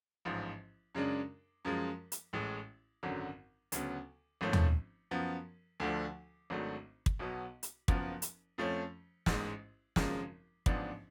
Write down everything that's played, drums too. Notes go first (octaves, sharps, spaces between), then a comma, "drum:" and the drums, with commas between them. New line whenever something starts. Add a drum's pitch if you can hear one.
A1 G#2 F3
F#2 C#3 G#3 D4
F#2 F3 G#3
drum: hi-hat
A1 A2 G#3
G#1 F#2 D3 F#3
D2 C#3 F#3 B3, drum: hi-hat
G#1 G#2 F3 A3 C#4
drum: tom
F#2 F3 B3
D2 D3 F3 A3 D4
G#1 G#2 F#3 A3 D4
drum: kick
B1 B2 F#3 B3
drum: hi-hat
F#1 F#2 F3 B3, drum: kick
drum: hi-hat
F2 F3 A3 C#4
A1 G#2 G#3, drum: snare
G#1 F#2 C#3 F3 G#3, drum: snare
A1 G#2 F3 B3 D4, drum: kick